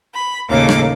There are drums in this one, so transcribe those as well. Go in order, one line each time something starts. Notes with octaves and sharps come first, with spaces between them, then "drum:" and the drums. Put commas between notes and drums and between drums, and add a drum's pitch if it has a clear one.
B5
D#2 A2 C#3 A#3 A4 D6
drum: rim click